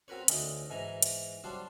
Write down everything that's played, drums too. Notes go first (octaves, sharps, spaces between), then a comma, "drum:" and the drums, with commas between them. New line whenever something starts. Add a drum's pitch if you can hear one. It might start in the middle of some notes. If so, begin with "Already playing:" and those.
C4 F#4 A#4 B4 C#5
D2 C#4 D#4, drum: hi-hat
G#2 E3 G#5 A#5
drum: hi-hat
F#3 G3 D4 C5